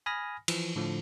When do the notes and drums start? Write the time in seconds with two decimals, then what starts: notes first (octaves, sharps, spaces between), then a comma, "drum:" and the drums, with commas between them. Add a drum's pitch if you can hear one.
0.06 G#5 B5 D#6 F6 A#6
0.48 E3 F3, drum: cymbal
0.76 A2 D3 F3